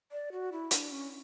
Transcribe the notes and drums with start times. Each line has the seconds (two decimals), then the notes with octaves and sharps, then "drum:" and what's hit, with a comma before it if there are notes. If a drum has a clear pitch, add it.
0.12 D5
0.32 F#4
0.52 E4
0.71 D4, drum: hi-hat
0.92 C#4